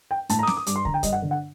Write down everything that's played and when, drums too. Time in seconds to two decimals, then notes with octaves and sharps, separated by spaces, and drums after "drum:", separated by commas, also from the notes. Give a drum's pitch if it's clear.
0.11 G5
0.29 A2 A5, drum: hi-hat
0.39 A#5
0.43 D#6
0.47 D6, drum: snare
0.57 D#6
0.67 G2 D6, drum: hi-hat
0.76 C6
0.85 D3 A#5, drum: kick
0.94 G5
1.03 G2 D#5, drum: kick, hi-hat
1.13 F#5
1.22 D3
1.31 F#5